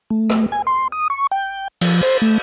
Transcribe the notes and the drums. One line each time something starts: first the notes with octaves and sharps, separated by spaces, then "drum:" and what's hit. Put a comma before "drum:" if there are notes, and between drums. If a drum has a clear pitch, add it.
A3
drum: rim click
G#5
C6
D#6
C#6
G5
F3, drum: cymbal
C5
A3